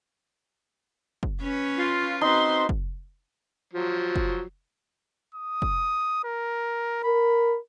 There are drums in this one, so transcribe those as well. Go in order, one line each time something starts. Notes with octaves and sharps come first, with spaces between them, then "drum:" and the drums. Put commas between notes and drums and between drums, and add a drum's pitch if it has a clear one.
drum: kick
C#4 B4 C#5
F4
C4 D#4 F#4 B4 C5 C6
drum: kick
F3 F#3
drum: kick
D#6
drum: kick
A#4
A#4 B5